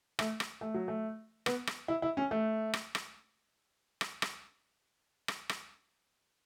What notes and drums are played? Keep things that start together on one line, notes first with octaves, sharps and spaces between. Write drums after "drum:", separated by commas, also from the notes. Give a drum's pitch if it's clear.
A3, drum: rim click
drum: rim click
A3
F#3
A3
B3, drum: rim click
drum: rim click
E4
E4
C#4
A3
drum: rim click
drum: rim click
drum: rim click
drum: rim click
drum: rim click
drum: rim click